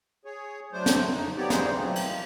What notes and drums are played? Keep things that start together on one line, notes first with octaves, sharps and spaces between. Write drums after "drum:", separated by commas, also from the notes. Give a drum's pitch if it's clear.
G#4 C#5
F#3 A3 D4 C5
drum: snare
F2 C#3 D#4
F3 F#3 B3 G4 C#5 D5
E2 E3 G3 D#4 G#4 C5, drum: snare
B2 F3 F#3 A3 A#3 C4
drum: cymbal